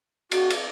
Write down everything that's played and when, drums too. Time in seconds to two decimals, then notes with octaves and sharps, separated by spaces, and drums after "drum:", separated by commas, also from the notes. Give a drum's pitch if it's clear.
0.31 F#4, drum: cymbal
0.50 drum: cymbal